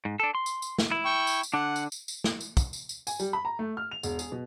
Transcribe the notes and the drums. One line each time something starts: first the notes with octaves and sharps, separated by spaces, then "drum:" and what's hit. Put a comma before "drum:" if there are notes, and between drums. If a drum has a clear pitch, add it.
G#2
D4 A4
C6
drum: tambourine
drum: tambourine
drum: snare
E4
G5 C#6
drum: tambourine
drum: tambourine
D3 D4 F#5
drum: tambourine
drum: tambourine
drum: tambourine
drum: snare
drum: tambourine
drum: kick, tambourine
drum: tambourine
drum: tambourine
G#5, drum: tambourine
G3, drum: tambourine
B5
A#5
A3
F6
F7
E1, drum: tambourine
G#4, drum: tambourine
B2